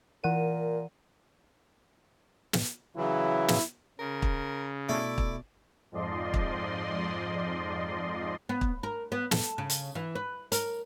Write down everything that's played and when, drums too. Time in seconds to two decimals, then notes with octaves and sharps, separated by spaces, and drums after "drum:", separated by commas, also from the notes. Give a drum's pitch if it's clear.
0.24 A#2 E3 A#4 F#5 D#7
2.53 drum: snare
2.96 C#3 E3 F#3 E4
3.48 drum: snare
3.99 C#3 A#4
4.22 drum: kick
4.89 B2 A3 E4 D5
5.18 drum: kick
5.92 F2 G#2 F3 D5 D#5 C6
6.34 drum: kick
8.49 B3
8.61 drum: kick
8.83 A#4
9.12 B3
9.31 A4, drum: snare
9.58 C#3
9.70 drum: hi-hat
9.95 E3
10.15 B4
10.52 A#4, drum: hi-hat